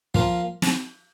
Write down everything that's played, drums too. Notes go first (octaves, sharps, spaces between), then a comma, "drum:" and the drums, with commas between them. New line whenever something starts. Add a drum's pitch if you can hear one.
F3 A#3 F4, drum: kick
drum: snare